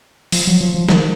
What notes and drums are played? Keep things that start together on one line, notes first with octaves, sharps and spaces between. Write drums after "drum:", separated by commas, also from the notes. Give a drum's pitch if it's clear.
F3, drum: open hi-hat
F#3
F3
F3
D#3, drum: snare